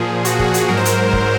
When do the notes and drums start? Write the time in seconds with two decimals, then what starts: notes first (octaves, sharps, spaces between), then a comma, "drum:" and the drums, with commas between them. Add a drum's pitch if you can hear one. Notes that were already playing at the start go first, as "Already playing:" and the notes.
Already playing: A#2 F3 G#4
0.25 F#4, drum: hi-hat
0.39 G#4, drum: kick
0.54 G#4, drum: hi-hat
0.68 G#2 F#3 A#4
0.77 C5
0.85 A#4, drum: hi-hat
1.13 drum: kick